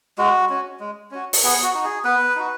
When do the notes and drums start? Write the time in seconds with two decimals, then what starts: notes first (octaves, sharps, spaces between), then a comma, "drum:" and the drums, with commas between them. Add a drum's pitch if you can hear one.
0.18 G#3 F#4
0.49 C#4 F#4
0.80 G#3
1.11 C#4 F#4
1.33 drum: open hi-hat
1.43 B3 G#4
1.63 F#4
1.74 D#4 F#4
1.84 G#4
2.05 B3 B4
2.36 D#4 F#4